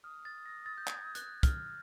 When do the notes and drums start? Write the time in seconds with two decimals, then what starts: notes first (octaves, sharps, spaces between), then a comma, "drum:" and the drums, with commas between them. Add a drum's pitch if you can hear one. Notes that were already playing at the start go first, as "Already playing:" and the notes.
0.04 D#6 F6
0.25 A6
0.46 A#6
0.66 A6
0.78 G6
0.87 G#6, drum: clap
1.15 F#6, drum: hi-hat
1.43 F6, drum: kick, hi-hat